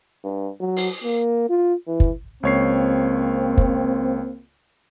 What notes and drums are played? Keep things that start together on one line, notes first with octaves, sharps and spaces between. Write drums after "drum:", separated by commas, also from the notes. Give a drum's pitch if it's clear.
G2
F#3
drum: open hi-hat
A#3
F4
E3
drum: kick
C#2 A#3 C4 C#5 C7
drum: kick